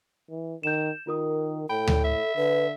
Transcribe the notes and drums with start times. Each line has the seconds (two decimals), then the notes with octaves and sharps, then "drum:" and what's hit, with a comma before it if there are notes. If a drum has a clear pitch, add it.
0.30 E3
0.63 D#3 G6 E7
1.07 D#3 F4 A#4 D#6
1.69 A2 A4 G5 B5
1.87 drum: tom D2
2.04 E5
2.36 D3 B4